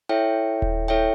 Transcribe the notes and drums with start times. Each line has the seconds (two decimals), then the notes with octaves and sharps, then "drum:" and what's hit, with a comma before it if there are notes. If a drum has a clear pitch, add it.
0.09 E4 A4 C#5 E5 G5
0.62 drum: kick D#1
0.88 E4 A4 C#5 E5 G5